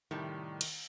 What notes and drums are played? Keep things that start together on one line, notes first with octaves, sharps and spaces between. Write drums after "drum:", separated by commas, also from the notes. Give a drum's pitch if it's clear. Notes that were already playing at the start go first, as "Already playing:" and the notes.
A2 C3 D#3 G3
drum: cymbal